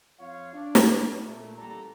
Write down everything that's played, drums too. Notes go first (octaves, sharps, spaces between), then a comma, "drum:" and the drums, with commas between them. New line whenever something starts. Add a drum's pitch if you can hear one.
F2 F4 C#5 F5
D4
drum: snare
A#2 A3
A1 E2 A#2 G3 A4 A#5